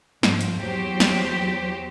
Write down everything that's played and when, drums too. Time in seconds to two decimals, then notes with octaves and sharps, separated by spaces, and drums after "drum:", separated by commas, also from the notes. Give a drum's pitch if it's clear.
0.23 G#2 F3, drum: snare
0.41 drum: hi-hat
0.60 E2 F#3 G4 C5
1.00 drum: snare